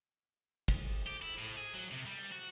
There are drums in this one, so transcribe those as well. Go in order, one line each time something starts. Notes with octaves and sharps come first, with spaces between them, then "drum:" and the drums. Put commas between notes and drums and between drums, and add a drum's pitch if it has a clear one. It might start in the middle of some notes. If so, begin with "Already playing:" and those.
drum: kick, cymbal
G4
E4
A2
G#4
F#3
C3
G3
F#4